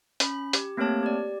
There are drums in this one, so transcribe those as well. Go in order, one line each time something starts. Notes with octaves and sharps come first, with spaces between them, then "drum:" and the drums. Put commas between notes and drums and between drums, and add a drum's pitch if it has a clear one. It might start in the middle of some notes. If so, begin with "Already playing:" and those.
C#4 B5, drum: hi-hat
G4, drum: hi-hat
A3 A#3 C4 G4 C#5 A5
G4 D5